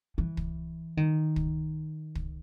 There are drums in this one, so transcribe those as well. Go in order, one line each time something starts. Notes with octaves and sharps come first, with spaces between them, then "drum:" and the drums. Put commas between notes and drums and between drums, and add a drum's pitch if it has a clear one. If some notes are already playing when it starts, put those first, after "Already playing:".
E3
drum: kick
D#3
drum: kick
drum: kick